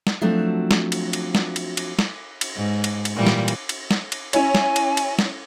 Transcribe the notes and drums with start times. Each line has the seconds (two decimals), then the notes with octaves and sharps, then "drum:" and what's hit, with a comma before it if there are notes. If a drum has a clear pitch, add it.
0.07 drum: snare
0.21 F3 F#3 A3 C4 D4 F#4
0.71 drum: snare
0.92 drum: cymbal
1.13 drum: cymbal
1.35 drum: snare
1.56 drum: cymbal
1.77 drum: cymbal
1.99 drum: snare
2.41 drum: cymbal
2.56 G#2
2.84 drum: cymbal
3.05 drum: cymbal
3.15 A#2 E3 G3
3.27 drum: snare
3.48 drum: cymbal
3.69 drum: cymbal
3.91 drum: snare
4.12 drum: cymbal
4.33 C#4 E4 C#5 G#5, drum: cymbal
4.55 drum: snare
4.76 drum: cymbal
4.97 drum: cymbal
5.19 drum: snare